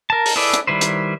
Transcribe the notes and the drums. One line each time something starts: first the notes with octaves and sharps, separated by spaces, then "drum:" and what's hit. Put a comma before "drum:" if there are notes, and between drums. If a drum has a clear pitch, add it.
A#4 A5
drum: open hi-hat
E4 G#4 A4 B4 D5
drum: hi-hat
D#3 G3 E4 B4 C5
drum: hi-hat